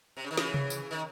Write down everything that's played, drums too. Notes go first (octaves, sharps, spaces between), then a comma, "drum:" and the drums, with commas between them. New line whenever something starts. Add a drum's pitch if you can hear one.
C3
C#3
D#3
C#3 E3, drum: snare
drum: tom C3
drum: tambourine
D#3